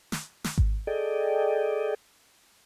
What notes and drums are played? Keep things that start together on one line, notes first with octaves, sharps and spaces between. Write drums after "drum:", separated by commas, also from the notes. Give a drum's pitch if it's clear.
drum: snare
drum: snare
drum: kick G#1
G#4 A4 D5 D#5 G5